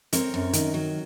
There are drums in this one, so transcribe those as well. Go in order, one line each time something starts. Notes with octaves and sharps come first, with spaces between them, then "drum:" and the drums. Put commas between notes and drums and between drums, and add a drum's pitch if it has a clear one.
C4 A#4 C#5, drum: hi-hat
F#2
D#3, drum: hi-hat
F#3